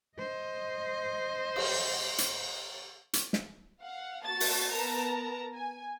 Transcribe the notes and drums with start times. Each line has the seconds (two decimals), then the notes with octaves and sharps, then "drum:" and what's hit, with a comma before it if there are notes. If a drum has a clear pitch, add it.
0.17 C5 D#5
1.56 drum: cymbal
2.18 drum: hi-hat
3.13 drum: hi-hat
3.33 drum: snare
3.81 F5 F#5
4.23 A#3 F#4 A5 A6
4.40 drum: open hi-hat
4.71 B3 A#4 A5 A#5
5.53 G#5